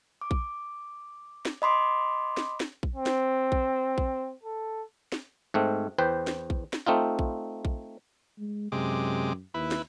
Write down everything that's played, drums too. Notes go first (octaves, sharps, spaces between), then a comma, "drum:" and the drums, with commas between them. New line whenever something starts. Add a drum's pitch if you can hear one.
D6
drum: kick A#1
drum: snare
D#5 B5 C6 D6
drum: snare
drum: snare
drum: kick A#1
C4
drum: snare
drum: kick A#1
drum: kick A#1
A4
drum: snare
G#2 A3 C4
E2 B4 C5 G5
drum: snare
drum: kick A#1
drum: snare
A3 C4 D#4 F4
drum: kick A#1
drum: kick A#1
G#3
F#2 C3 G#3 D6
D#2 E4 B4
drum: snare